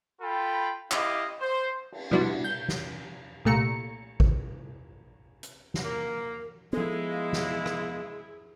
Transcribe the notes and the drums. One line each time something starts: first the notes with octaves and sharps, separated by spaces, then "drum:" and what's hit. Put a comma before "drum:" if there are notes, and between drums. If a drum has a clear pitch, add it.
F4 A4 G5 B5
E4 G4 D#5 F5 D6, drum: clap
C5
drum: cymbal
F3 G3 B3 D4 E4 F#4, drum: tom B2
G6
drum: snare
C2 A#2 A3 A#5 C#7
drum: kick
drum: hi-hat
drum: snare
A#3 A#4
F3 G#3 B3 E4 G#4 A4
F5
drum: snare
drum: rim click